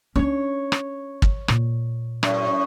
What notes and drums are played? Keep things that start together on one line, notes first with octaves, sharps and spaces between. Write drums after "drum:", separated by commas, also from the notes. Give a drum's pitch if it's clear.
C#4 D4 C#5
drum: rim click
drum: kick
A#2, drum: rim click
F#2 A2, drum: rim click